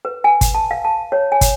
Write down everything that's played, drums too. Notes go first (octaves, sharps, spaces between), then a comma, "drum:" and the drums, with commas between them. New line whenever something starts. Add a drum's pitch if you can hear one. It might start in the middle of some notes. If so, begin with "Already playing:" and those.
B4
G#5
drum: kick, hi-hat
A5
F5
A5
C#5
G#5
drum: kick, hi-hat